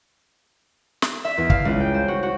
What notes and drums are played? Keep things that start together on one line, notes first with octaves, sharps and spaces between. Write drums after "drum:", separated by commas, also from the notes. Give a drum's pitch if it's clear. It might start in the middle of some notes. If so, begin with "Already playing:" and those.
drum: snare
E5
E2
F5, drum: kick
C#2
G5
C5
F#4
F#4